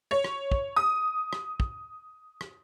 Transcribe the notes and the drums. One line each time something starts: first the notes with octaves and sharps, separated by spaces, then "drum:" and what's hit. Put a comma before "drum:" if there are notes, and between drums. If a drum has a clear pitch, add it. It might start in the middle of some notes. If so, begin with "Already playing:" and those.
C#5
drum: rim click
drum: kick
D#6
drum: rim click
drum: kick
drum: rim click